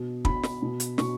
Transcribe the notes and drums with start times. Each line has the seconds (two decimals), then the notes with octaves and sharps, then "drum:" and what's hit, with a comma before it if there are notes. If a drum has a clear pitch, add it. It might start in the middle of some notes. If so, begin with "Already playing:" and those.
Already playing: B2
0.25 B2 B5, drum: kick
0.43 drum: snare
0.62 B2
0.80 drum: hi-hat
0.98 B2 C#6, drum: snare